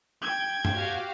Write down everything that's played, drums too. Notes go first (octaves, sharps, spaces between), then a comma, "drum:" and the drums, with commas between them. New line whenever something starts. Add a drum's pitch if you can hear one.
G5 G#6
drum: tom G2
F#4 G4 F5